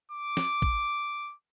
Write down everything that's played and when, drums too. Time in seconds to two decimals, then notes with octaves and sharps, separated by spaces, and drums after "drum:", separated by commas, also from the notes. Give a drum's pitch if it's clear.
0.12 D6
0.37 drum: snare
0.62 drum: kick A#1